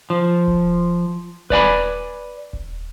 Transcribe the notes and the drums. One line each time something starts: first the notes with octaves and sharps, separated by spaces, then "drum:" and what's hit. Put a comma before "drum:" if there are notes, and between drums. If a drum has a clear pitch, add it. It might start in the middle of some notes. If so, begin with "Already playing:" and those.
F3
drum: kick D#1
B4 D5 G#5 B5, drum: kick D#1
drum: kick D#1